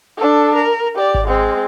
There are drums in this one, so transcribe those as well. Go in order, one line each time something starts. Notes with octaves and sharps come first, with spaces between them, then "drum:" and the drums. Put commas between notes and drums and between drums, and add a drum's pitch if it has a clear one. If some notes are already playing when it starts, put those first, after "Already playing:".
D4 A4
A#4
G4 D5
drum: kick G#1
G#3 C4